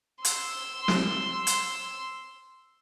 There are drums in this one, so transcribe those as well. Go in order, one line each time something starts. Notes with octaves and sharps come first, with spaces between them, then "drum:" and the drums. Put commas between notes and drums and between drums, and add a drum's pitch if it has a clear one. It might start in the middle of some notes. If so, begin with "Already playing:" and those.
C6 E6, drum: hi-hat
drum: snare
drum: hi-hat